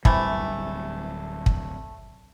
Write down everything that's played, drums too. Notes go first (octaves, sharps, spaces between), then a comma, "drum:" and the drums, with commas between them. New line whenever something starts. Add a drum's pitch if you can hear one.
D1 C3 E3 G3 A3, drum: kick
drum: kick